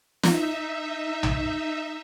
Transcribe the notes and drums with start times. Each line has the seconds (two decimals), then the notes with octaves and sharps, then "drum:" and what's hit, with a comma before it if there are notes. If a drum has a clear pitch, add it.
0.23 D#4 E5, drum: snare
1.23 drum: tom B1